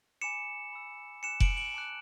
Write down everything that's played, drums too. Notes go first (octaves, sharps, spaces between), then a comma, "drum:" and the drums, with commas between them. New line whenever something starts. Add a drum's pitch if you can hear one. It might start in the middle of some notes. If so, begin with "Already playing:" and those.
G#5 B5 D6 C#7 E7
B5 E6
G#5 D6 F#6 C#7 E7
D7 F#7, drum: kick F1
D7 F#7
A5 D6 F#6